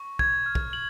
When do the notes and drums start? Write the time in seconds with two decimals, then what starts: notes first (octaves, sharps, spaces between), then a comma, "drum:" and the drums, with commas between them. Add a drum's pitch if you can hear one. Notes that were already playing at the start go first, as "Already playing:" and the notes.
Already playing: C#6
0.19 G#6, drum: kick
0.46 F6
0.55 drum: kick
0.73 F#7